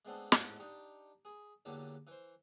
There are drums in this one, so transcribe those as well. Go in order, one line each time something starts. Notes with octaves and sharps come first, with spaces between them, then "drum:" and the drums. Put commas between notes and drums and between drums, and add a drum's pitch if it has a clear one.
G#3 A3 B3 C4 D4 A4
A1 E2 G#2 A4 D#5 F#5, drum: snare
D4 D#4 G4
G#4 B5
E2 D3 F#3 A#3 G4 A5
E3 C5